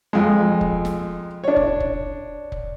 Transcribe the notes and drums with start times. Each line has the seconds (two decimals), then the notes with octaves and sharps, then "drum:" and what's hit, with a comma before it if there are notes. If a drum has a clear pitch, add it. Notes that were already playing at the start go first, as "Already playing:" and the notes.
0.13 F2 G#3
0.61 drum: kick
0.85 drum: snare
1.44 D4 C#5
1.56 drum: kick
1.80 drum: kick
2.52 drum: kick